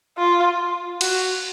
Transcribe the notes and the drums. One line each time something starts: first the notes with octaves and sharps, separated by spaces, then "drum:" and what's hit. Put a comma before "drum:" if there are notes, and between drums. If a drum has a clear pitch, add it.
F4
F#4, drum: cymbal